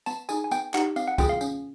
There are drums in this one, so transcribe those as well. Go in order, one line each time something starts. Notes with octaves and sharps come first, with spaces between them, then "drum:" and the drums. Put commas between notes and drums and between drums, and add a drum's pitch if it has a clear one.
B3 A5, drum: tambourine
D#4 G#4 G#5, drum: tambourine
G#5
B3 G5, drum: tambourine
D#4 G4 F#5, drum: clap
C4 F5, drum: tambourine
F#5
F4 G#4 G5, drum: kick, tambourine
F5
C#4, drum: tambourine